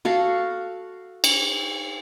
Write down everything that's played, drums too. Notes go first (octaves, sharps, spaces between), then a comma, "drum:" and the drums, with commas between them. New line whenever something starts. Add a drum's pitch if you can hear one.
F#4 A4 F5
drum: cymbal